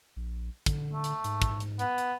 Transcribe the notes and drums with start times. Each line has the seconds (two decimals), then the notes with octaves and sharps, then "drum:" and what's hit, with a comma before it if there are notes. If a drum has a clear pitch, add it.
0.16 A#1
0.66 D3, drum: kick, hi-hat
0.93 A3
1.04 drum: hi-hat
1.24 G#2, drum: hi-hat
1.42 drum: kick, hi-hat
1.60 drum: hi-hat
1.79 B3, drum: hi-hat
1.98 drum: hi-hat